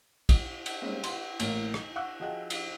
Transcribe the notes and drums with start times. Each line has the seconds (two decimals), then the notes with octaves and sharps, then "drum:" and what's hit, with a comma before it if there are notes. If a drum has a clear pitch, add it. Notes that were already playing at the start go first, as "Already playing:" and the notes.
0.29 drum: kick, cymbal
0.66 drum: cymbal
0.82 G3 G#3 A#3 C4 C#4 D#4
1.04 B4 F#5 C6, drum: cymbal
1.40 A1 A2 A#3 A#4, drum: cymbal
1.74 D#4, drum: rim click
1.96 F#5 C#6 D6 E6 F#6 G6
2.20 F3 F#4 G#4 D#5 G5 F#6
2.50 drum: cymbal